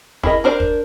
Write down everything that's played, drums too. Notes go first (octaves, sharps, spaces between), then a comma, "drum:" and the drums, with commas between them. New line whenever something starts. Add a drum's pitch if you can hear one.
E4 G#4 A#4 D#5, drum: kick
D4 A#4 C5 D5
drum: kick